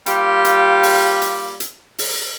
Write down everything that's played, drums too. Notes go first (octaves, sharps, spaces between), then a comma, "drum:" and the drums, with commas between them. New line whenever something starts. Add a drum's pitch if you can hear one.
G3 A#3 F4 G4, drum: hi-hat
drum: hi-hat
drum: open hi-hat
drum: hi-hat
drum: hi-hat
drum: open hi-hat